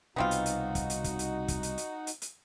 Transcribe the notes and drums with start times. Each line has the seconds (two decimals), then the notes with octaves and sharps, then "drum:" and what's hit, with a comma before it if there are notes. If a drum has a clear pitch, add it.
0.16 C2 B2 B3 C4 D#4 F4 F#4
0.31 drum: hi-hat
0.46 drum: hi-hat
0.75 drum: kick, hi-hat
0.90 drum: hi-hat
1.04 drum: kick, hi-hat
1.19 drum: hi-hat
1.48 drum: kick, hi-hat
1.63 drum: hi-hat
1.78 drum: hi-hat
2.07 drum: hi-hat
2.22 drum: hi-hat